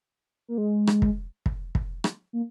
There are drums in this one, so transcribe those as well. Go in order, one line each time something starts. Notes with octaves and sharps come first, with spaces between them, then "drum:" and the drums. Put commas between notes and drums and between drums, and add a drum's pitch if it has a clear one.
A#3
G#3
drum: rim click
drum: kick
drum: kick
drum: kick
drum: rim click
A#3